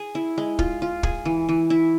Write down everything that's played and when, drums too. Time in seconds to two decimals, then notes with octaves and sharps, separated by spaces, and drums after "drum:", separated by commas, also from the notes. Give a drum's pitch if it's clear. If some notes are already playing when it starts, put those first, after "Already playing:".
Already playing: G#4
0.15 E4
0.38 G#3
0.59 F4, drum: kick
0.82 F4
1.03 G#4, drum: kick
1.25 E3
1.49 E3
1.70 E4